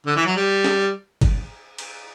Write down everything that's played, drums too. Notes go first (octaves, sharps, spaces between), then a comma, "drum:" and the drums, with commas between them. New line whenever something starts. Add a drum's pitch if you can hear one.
D3
E3
F#3
G3
drum: snare
drum: kick G1, cymbal
drum: cymbal